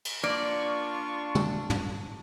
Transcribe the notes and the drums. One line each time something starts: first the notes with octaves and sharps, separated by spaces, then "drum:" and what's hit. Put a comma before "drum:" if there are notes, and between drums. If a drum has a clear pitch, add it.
drum: cymbal
A#3 D4 F4 D5 C#6
drum: tom
drum: tom